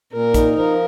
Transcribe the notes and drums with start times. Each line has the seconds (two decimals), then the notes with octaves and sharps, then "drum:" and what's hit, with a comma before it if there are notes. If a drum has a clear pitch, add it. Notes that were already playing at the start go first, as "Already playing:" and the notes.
0.12 A#2 A#4
0.34 D#4, drum: kick, hi-hat
0.56 F3 A#4